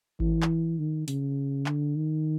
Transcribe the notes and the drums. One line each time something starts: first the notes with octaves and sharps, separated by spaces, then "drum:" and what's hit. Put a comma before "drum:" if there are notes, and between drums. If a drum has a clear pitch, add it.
E3, drum: kick G#1
drum: clap
D#3
C#3, drum: hi-hat
D3, drum: clap
D#3